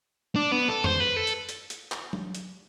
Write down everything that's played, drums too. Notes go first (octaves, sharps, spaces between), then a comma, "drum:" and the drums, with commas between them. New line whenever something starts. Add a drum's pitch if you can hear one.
D4
B3
A4
C5, drum: tom F2
B4
A4
drum: hi-hat
drum: hi-hat
drum: hi-hat
drum: clap
drum: tom F#3
drum: hi-hat